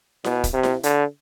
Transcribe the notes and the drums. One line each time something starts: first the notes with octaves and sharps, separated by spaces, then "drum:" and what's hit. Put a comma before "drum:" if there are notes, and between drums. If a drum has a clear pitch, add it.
B2, drum: snare E4
drum: kick, hi-hat
C3
drum: snare E4
D3, drum: hi-hat